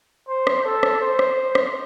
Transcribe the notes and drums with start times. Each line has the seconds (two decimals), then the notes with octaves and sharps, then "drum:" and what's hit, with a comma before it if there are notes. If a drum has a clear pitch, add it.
0.28 C5
0.47 drum: rim click
0.65 A4
0.83 drum: rim click
1.02 C5
1.19 drum: rim click
1.55 drum: rim click